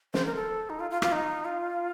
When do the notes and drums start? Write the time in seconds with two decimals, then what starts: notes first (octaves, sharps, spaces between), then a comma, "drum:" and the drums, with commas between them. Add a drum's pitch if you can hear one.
0.14 C5, drum: snare
0.25 A#4
0.35 A4
0.70 D#4
0.80 F4
0.90 F4
1.02 F4, drum: rim click
1.12 D#4
1.45 F4